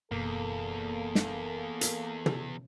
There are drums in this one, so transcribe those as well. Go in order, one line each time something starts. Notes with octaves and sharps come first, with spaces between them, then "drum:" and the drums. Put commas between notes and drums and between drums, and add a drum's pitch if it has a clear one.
F#1 E2 B2 A#3 A4
drum: snare
drum: hi-hat
drum: tom